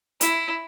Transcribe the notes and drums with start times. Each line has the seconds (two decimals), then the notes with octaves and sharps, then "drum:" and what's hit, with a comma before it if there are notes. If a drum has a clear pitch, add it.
0.21 E4, drum: hi-hat